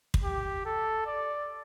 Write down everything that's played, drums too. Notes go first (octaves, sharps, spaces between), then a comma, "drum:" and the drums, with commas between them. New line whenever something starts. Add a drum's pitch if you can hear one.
drum: kick
G4
A4
D5